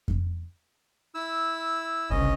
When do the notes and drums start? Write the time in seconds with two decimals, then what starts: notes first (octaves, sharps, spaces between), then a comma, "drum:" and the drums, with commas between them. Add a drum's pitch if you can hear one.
0.08 drum: kick F2
1.15 E4 E6
2.10 G1 C2 C#3 C#4 D#5